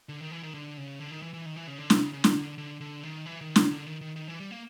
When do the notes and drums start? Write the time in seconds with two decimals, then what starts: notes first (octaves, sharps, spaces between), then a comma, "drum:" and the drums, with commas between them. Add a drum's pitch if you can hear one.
0.09 D3
0.21 D#3
0.31 E3
0.43 D#3
0.54 D3
0.77 C#3
1.00 D3
1.11 D#3
1.22 E3
1.34 E3
1.46 D#3
1.56 E3
1.68 C#3
1.79 D3
1.90 C3, drum: snare
2.02 C#3
2.13 C#3
2.24 D3, drum: snare
2.35 D3
2.58 D3
2.81 D3
3.03 D#3
3.26 E3
3.41 D#3
3.56 C#3, drum: snare
3.71 D3
3.86 D#3
4.01 D#3
4.16 D#3
4.28 E3
4.40 G3
4.51 A#3